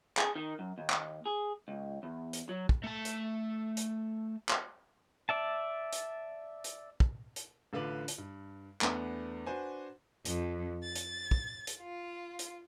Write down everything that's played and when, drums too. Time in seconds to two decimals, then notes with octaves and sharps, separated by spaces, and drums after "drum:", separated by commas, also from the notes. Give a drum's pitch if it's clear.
0.17 G#4, drum: clap
0.35 D#3
0.59 F#2
0.78 D#2
0.90 drum: clap
1.26 G#4
1.68 C#2
2.03 E2
2.33 drum: hi-hat
2.49 F#3
2.69 drum: kick
2.84 A3 A5
3.05 drum: hi-hat
3.77 drum: hi-hat
4.49 drum: clap
5.29 D5 E5 A5
5.93 drum: hi-hat
6.64 drum: hi-hat
7.00 drum: kick
7.36 drum: hi-hat
7.73 A1 D3 F4 B4 D6 F#7
8.08 drum: hi-hat
8.18 G2
8.81 E2 A3 B3 D4, drum: clap
9.46 D4 F#4 B4 C5 F#5 G#5
10.25 F2, drum: hi-hat
10.83 A6
10.95 drum: hi-hat
11.31 drum: kick
11.67 drum: hi-hat
11.81 F4
12.39 drum: hi-hat